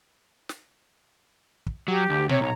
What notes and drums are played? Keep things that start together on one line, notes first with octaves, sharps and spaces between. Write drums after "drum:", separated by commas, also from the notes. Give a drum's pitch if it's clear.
drum: snare
drum: kick
F#3 G4
D2
C3 C#5, drum: tom A#2
B1 C#5 A#5